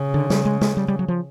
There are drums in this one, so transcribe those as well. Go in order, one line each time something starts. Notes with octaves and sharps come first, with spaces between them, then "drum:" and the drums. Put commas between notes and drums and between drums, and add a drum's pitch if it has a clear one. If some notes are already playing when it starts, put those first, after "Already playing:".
Already playing: C#3
D3
G3, drum: snare
G#3
G#3, drum: snare
G3
G3
F#3
F3